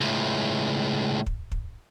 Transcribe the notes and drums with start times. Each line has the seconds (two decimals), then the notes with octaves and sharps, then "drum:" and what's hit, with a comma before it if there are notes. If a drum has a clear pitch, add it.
0.01 C#2 A2
1.26 drum: kick
1.52 drum: kick